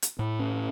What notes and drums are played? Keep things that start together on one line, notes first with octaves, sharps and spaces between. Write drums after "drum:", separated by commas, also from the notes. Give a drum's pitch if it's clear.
drum: hi-hat
A2
C#4